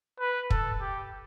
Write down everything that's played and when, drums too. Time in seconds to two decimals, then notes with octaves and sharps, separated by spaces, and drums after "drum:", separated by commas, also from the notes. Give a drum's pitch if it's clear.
0.19 B4
0.50 A4, drum: kick
0.81 G4